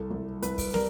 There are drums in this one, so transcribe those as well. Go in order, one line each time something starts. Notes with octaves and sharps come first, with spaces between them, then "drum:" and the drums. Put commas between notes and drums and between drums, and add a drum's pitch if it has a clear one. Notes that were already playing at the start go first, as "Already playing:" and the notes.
Already playing: C2 A4
C2
C2 B4, drum: hi-hat
drum: kick, open hi-hat
G3 A#4, drum: snare